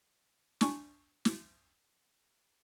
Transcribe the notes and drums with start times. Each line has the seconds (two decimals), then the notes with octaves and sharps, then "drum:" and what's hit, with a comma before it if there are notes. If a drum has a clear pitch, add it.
0.61 D4 G#5 C#6, drum: snare
1.25 drum: snare